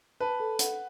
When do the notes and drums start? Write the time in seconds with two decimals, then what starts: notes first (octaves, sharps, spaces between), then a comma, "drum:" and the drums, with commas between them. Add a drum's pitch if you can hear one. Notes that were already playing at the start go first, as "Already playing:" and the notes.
0.20 B4 A5
0.40 A4
0.59 F#5, drum: hi-hat